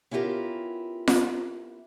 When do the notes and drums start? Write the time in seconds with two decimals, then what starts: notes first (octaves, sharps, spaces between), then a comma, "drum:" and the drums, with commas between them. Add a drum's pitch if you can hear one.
0.11 B3 C#4 E4 F4 G4 A#4
1.08 drum: snare F4